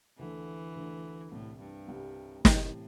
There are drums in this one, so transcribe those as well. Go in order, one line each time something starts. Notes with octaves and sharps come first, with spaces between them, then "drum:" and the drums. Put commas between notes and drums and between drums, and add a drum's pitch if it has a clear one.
D2 D3 E3 A3
D2 D3 A3
C2 A2 C3 G3
G2
C2 C3 G3
C2 A2 C3 E3, drum: snare